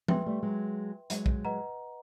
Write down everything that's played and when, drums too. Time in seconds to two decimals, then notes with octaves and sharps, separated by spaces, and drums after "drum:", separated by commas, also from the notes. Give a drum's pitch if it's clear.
0.08 F#3 G#3 B4 E5 G5 C6, drum: tom
0.26 G3 A3
0.43 F#3 G#3
1.10 F#3 G#3, drum: hi-hat
1.26 drum: kick
1.45 B4 D#5 F#5 A#5